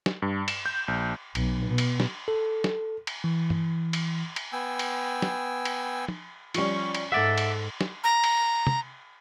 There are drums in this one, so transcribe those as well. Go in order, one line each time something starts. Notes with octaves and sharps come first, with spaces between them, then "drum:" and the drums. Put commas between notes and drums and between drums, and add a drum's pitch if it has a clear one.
drum: snare
G2
E7, drum: cymbal
G6
A#1
B1, drum: cymbal
B2
drum: cymbal
drum: snare
A4
drum: snare
drum: cymbal
E3
drum: tom
drum: cymbal
drum: cymbal
B3 G5 G#5 E6
drum: cymbal
drum: snare
drum: cymbal
drum: tom
F3 G3 C#4 C#6, drum: cymbal
drum: cymbal
G#2 A4 D5 E5 F#5
drum: cymbal
drum: snare
A#5
drum: cymbal
drum: tom